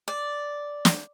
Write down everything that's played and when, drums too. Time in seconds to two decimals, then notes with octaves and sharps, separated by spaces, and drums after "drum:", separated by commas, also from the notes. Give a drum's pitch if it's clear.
0.08 D5
0.85 drum: snare